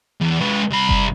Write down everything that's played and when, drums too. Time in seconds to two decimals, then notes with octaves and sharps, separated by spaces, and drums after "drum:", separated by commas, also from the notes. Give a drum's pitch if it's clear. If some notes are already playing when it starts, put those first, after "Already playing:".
0.21 E2
0.41 G#3 B4
0.70 C2 B5
0.89 drum: kick F#1